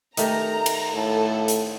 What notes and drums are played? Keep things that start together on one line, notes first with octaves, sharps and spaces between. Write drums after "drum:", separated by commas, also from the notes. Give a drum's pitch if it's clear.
D#3 A3 G4 A#5, drum: hi-hat
drum: cymbal
A2 A4
drum: hi-hat